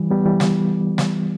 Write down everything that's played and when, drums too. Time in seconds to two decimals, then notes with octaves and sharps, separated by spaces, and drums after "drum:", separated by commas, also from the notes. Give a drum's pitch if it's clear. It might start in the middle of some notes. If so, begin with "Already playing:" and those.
Already playing: E3 G3
0.10 G3 B3
0.25 E3 G3
0.40 drum: snare
0.98 drum: snare